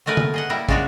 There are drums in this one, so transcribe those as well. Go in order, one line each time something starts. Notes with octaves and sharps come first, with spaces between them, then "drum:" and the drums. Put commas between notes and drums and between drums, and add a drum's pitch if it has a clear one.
F#3 G#3 A3 A#4 B4 G#5
drum: tom D3
G#4 D#5 F#5
G3 A#3 E4 A#4
C#3 G#3 D4 F#4 C#5, drum: kick